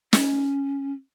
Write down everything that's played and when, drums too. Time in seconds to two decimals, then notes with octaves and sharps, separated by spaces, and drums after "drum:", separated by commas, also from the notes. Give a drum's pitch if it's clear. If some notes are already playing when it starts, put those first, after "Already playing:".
0.13 C#4, drum: snare